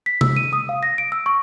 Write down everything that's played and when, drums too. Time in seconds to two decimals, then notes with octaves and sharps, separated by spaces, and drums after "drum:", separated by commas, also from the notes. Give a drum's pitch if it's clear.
0.06 B6
0.21 E6, drum: tom C3
0.37 D#7
0.53 D#6
0.69 F5
0.83 A#6
0.98 D7
1.12 E6
1.26 C#6